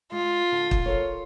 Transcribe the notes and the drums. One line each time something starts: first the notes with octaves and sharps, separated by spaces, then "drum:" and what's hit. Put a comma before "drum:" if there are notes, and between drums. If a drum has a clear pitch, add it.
G#3 F4
D3
drum: kick
A4 A#4 C#5